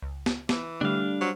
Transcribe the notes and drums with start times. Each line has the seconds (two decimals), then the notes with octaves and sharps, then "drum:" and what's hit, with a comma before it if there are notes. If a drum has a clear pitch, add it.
0.02 C#2
0.26 drum: snare
0.49 E3, drum: snare
0.81 D3 G3 A3 D4 F5
1.21 F#3 C5